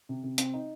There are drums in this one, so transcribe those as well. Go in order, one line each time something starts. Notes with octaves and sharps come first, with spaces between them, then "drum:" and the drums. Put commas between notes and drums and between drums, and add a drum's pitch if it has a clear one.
C3
C3
C4, drum: hi-hat
D#4